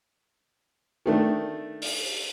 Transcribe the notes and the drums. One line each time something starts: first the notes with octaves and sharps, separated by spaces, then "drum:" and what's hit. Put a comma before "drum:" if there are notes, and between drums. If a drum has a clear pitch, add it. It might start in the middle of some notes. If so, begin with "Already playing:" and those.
D#3 A3 D4
drum: open hi-hat